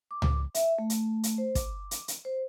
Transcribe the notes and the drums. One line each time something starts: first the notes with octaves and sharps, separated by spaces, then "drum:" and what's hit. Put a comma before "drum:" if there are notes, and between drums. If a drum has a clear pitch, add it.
D6
drum: tom C#2
E5, drum: hi-hat
A3
drum: hi-hat
drum: hi-hat
C5
D6, drum: kick, hi-hat
drum: hi-hat
drum: hi-hat
C5